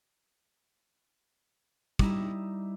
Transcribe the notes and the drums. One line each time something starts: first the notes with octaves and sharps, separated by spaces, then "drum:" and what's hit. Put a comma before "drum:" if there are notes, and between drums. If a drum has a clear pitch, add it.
G3 D#4 E4, drum: kick